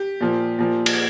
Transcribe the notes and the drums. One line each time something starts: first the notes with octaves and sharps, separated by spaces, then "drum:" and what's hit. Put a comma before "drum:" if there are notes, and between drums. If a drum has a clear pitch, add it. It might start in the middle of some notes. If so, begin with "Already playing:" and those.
Already playing: G4
A#2 F3
A#2 F3
drum: cymbal